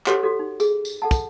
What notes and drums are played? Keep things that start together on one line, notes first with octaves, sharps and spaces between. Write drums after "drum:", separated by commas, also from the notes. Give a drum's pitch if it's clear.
F#4 G4 A4 B4 C#5 F#5, drum: clap
F#4 A4
D#4
G#4, drum: tambourine
drum: tambourine
A4 F#5 A5
drum: kick, tambourine